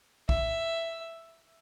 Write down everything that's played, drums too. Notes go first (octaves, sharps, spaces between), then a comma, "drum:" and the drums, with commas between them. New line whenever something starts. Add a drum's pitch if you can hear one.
E5, drum: kick